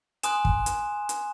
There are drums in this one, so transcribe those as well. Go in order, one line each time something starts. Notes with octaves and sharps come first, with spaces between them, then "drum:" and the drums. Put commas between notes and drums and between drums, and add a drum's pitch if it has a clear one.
G#5 C6 D#6 F#6 E7, drum: hi-hat
drum: kick
drum: hi-hat
drum: hi-hat